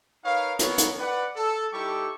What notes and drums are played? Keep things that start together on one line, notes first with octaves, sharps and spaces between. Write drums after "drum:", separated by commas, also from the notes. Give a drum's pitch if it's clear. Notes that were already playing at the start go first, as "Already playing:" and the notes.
D#4 A#4 B4 C#5 F5
B3 C4 A#4 C#5, drum: hi-hat
drum: hi-hat
B4 D5 F#5
A4
G3 D#4 E4 G4 A4 C#6